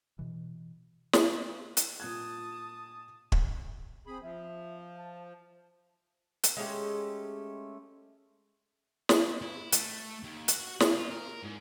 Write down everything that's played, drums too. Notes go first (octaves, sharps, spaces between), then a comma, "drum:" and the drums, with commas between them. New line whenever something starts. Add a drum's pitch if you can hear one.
B2 E3
drum: snare
drum: hi-hat
A#2 A5 D#6 F#6 G#6
drum: kick
C4 G#4 B5
F3 E5
A5
drum: hi-hat
G#3 A3 C#4 G4
drum: snare
E4
A3, drum: hi-hat
D#2
F#4, drum: hi-hat
F#3, drum: snare
F4
A#4
G#2